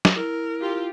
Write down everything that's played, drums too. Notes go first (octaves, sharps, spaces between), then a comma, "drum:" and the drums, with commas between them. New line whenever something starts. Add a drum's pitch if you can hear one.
drum: snare
E4 A#4
F4 G4